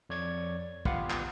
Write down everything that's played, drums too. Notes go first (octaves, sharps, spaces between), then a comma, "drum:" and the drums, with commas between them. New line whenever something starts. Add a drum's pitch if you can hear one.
F2 C#5 D5 G#6
B3 F4 G4 B4 F5 F#5, drum: kick
drum: clap